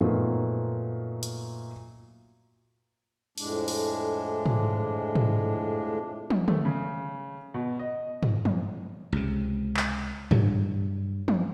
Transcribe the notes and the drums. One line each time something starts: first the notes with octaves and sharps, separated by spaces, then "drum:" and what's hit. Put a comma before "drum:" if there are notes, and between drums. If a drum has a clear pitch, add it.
F#2 A#2 F3 A3 B3 D#4
drum: hi-hat
F2 A2 G#3 D4, drum: open hi-hat
drum: open hi-hat
drum: tom
drum: tom
drum: tom
A3, drum: tom D3
C#3
B2
D#5
drum: tom
drum: tom
C#2 C3
drum: clap
G2 F#3, drum: tom
drum: tom